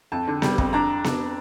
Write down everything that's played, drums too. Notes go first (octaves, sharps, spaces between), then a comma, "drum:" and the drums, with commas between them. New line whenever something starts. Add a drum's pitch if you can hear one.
F2 A5
D3
G3, drum: snare B3
F2, drum: kick
D4 A#5
drum: snare B3